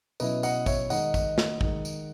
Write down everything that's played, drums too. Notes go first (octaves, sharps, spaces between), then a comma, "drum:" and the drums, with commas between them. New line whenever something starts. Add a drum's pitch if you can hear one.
B2 F#3 C#4 E4 B4 D#5, drum: tambourine
D#5 F#5, drum: tambourine
C#5 E5, drum: kick, tambourine
D#3 G#3 D#4 D#5 F#5, drum: tambourine
drum: kick, tambourine
drum: snare
D#3 G#3 D#4, drum: kick
drum: tambourine